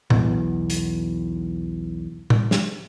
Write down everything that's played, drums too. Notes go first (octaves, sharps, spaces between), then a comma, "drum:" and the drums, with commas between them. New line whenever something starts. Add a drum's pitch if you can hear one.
B1 E2, drum: tom A2
drum: hi-hat
drum: tom A2
drum: snare